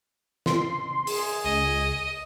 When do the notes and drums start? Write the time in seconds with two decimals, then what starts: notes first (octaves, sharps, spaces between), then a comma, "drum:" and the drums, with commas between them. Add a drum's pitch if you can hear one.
0.46 C6, drum: snare F4
1.07 G#4, drum: open hi-hat
1.44 C#2 D#5